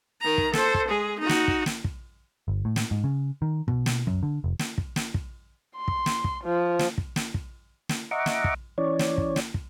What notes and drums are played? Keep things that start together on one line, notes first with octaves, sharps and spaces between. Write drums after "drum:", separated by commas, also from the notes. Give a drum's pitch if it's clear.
D#3 A#5
drum: kick
A4 C5, drum: snare
drum: kick
G#3 G#4
D#4 F#4
drum: snare
drum: kick
drum: snare
drum: kick
G1
A2
drum: snare
G#2
C#3
D#3
B2, drum: kick
drum: snare
F#2, drum: kick
D3
F1
drum: snare
drum: kick
drum: snare
drum: kick
C6
drum: kick
drum: snare
drum: kick
F3
drum: snare
drum: kick
drum: snare
drum: kick
drum: snare
D#5 E5 F#5 A#5 C#6 D6
drum: snare
drum: kick
E3 C#4 C#5 D5
drum: snare
drum: kick
drum: snare
drum: kick